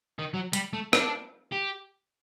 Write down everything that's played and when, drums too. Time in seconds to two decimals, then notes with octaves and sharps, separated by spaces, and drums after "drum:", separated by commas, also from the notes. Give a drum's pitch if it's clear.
0.19 D#3
0.34 F#3
0.53 G3, drum: hi-hat
0.73 A3
0.93 D4, drum: rim click
1.52 G4